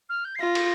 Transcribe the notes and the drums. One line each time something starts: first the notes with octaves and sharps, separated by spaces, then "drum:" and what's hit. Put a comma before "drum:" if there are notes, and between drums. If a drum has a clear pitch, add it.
F6
G6
C7
F4 A#6
drum: cymbal